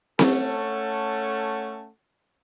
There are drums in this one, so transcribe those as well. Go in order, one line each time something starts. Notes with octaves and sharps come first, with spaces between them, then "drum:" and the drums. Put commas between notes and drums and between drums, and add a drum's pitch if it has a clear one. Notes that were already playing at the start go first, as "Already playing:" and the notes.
A3 C#4 A4 F#5, drum: snare C4